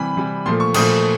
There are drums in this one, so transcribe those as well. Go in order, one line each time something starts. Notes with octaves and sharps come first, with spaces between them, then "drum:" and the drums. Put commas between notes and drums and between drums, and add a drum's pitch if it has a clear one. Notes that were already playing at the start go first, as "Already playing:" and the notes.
Already playing: C3 E3 G3 B5
C3 E3 G3
A#2 F3 A3 C6
C#6
A#2 F3 A3 D#6, drum: cymbal